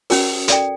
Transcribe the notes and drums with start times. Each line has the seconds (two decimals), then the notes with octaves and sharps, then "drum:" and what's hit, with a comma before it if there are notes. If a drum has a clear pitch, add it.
0.10 C#4 F#4 A#4, drum: open hi-hat
0.48 A4 D5 G5, drum: hi-hat